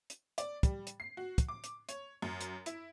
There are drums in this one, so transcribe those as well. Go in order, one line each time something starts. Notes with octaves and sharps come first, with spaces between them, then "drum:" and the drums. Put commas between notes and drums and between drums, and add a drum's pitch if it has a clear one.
drum: hi-hat
D5, drum: hi-hat
G3, drum: kick, hi-hat
drum: hi-hat
C7
F#4
drum: kick, hi-hat
D6
drum: hi-hat
C#5, drum: hi-hat
F#2
drum: hi-hat
E4, drum: hi-hat